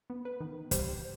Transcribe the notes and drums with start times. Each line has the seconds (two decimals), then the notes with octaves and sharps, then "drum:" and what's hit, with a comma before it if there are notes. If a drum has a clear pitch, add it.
0.10 B3
0.25 B4
0.40 D#3
0.71 G3 C5, drum: kick, hi-hat